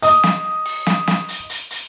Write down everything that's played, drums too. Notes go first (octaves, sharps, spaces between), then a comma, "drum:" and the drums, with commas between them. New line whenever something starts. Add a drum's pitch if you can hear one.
D#5 D#6, drum: hi-hat
drum: snare
drum: open hi-hat
drum: snare
drum: snare
drum: hi-hat
drum: hi-hat
drum: hi-hat